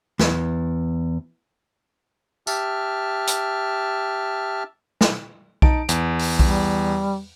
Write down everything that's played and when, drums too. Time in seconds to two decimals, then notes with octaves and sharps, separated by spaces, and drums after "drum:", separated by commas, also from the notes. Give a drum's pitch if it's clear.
0.19 E2, drum: snare
2.47 G4 E5 A5 F6, drum: tambourine
3.27 drum: hi-hat
5.01 drum: snare
5.62 D#4 A5 D7, drum: kick B1
5.89 E2, drum: hi-hat
6.19 drum: open hi-hat
6.39 G3, drum: kick B1